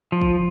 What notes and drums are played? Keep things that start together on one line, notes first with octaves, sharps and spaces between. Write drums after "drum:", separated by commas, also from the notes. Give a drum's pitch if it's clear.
F3
drum: kick